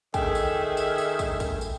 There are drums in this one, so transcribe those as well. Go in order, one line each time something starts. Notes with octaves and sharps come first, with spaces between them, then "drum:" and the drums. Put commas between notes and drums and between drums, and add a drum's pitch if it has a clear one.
D#3 G#4 A4 E5 G5 G#5, drum: kick, tambourine
drum: tambourine
drum: tambourine
drum: tambourine
drum: kick, tambourine
drum: kick, tambourine
drum: tambourine